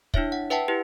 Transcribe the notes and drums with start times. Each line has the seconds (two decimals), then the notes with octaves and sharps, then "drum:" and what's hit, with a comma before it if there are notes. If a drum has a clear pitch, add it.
0.14 D4 E4 C#5 E5, drum: kick
0.32 F#5
0.50 B4 E5 F#5 G5 A5
0.68 E4 G4 B4